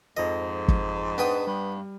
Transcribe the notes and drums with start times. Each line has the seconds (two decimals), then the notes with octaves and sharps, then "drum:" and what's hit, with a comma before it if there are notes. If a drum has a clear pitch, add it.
0.17 F2 G#2 F3 A4 D#5
0.68 drum: kick
1.18 B3 D4 G5 D#6
1.47 G2 G3